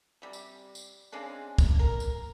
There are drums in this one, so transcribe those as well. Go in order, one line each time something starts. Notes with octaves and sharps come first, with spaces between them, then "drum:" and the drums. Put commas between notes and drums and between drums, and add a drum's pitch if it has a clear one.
C3 G3
drum: tambourine
drum: tambourine
C#3 G#3 C4 D4
drum: kick, tambourine
A#4
drum: tambourine